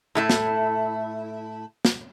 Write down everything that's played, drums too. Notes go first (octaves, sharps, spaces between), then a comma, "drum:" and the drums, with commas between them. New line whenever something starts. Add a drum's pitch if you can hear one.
A2 A3 E4
drum: snare
drum: snare